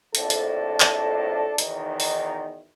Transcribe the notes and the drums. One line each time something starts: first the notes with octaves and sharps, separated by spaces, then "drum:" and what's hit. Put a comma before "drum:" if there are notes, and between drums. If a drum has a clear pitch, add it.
A#1 F2 A2 D4 A4, drum: hi-hat
drum: hi-hat
drum: clap
E2 B2 D#3 F#3 D#4, drum: hi-hat
drum: open hi-hat